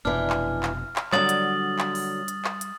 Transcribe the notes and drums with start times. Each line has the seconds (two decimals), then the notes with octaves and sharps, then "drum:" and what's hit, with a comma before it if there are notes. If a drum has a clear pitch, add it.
0.05 F1 B2 E3 D4 F6
0.30 drum: clap
0.63 drum: clap
0.96 drum: clap
1.12 D3 F#3 G3 D#6 A6 F#7, drum: clap
1.29 drum: hi-hat
1.79 drum: clap
1.95 drum: open hi-hat
2.28 drum: hi-hat
2.45 drum: clap
2.61 drum: hi-hat